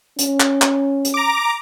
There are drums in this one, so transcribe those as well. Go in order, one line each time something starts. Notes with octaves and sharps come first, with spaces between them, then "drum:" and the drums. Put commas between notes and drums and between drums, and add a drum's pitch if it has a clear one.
C#4, drum: hi-hat
drum: clap
drum: clap
drum: hi-hat
A#5 D6